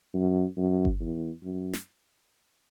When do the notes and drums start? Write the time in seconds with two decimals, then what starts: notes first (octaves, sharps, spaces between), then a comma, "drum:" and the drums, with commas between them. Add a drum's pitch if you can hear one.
0.14 F#2
0.57 F#2
0.85 drum: kick G1
1.00 E2
1.43 F#2
1.73 drum: snare